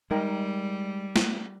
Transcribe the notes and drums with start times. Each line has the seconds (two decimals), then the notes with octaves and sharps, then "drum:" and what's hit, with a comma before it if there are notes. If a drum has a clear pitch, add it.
0.11 G3 G#3 D#4 A#4 G5
1.16 drum: snare